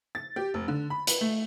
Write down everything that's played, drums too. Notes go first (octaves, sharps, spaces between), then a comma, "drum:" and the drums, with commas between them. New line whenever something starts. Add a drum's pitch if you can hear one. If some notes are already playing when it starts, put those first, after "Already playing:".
A6
G4
F1
D3
B5
B4, drum: hi-hat
A3